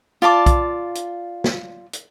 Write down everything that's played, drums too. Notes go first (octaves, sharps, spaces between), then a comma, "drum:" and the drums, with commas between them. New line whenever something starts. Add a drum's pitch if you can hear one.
F4 D5 A5 D6
drum: kick, hi-hat
drum: hi-hat
drum: snare
drum: hi-hat